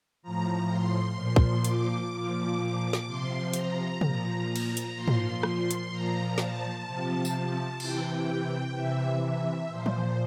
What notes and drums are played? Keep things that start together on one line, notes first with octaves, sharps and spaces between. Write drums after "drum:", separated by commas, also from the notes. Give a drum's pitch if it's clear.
A2 F3 A#5
C6
A#2 F3
drum: kick
D6, drum: hi-hat
A#2 F3
drum: snare
C3 F3 C6
A#5, drum: hi-hat
A#2 F3, drum: tom
drum: cymbal
drum: hi-hat
A#2 F3 C6
drum: tom
C6, drum: rim click
drum: hi-hat
A#2 F3 A#5
A5, drum: snare
C3 F3
drum: tambourine
C3 E3 G5, drum: cymbal
C3 E3 E5
E5
A#2 F3 C5
drum: tom